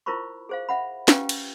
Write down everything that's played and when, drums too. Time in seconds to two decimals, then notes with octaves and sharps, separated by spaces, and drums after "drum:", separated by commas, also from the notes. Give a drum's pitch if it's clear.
0.06 E4 F4 A#4 C5 B5 C#6
0.49 G#4 C5 F5
0.69 E5 F#5 B5
1.08 C#4 F4 G4 B4 F5 G5, drum: snare
1.29 drum: cymbal